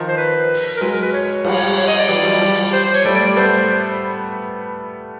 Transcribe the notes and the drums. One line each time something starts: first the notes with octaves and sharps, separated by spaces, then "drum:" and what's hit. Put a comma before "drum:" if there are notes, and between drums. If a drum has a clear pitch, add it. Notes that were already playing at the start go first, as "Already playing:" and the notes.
Already playing: D#3 F3
C5
B4
drum: open hi-hat
A#4
F#3 G#3 B4
A#4
B4
C#5
F3 G3, drum: cymbal
C#5
D#5
D5
E3 F#3, drum: hi-hat
F3 G3
F3 G3
C5
C5
C#5, drum: cymbal
G3 A3 D5
D5
D5
A3 B3 C5, drum: hi-hat